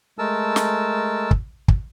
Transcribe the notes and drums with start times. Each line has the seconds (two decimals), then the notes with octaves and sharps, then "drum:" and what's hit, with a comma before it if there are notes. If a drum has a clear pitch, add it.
0.18 G#3 A3 A#4 A5 E6
0.56 drum: snare
1.31 drum: kick
1.68 drum: kick